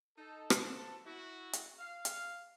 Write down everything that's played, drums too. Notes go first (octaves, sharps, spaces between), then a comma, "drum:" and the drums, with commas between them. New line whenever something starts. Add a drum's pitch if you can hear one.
D#4 A4
drum: rim click
F3 F#4 A4
E4 F#4
drum: hi-hat
F5
drum: hi-hat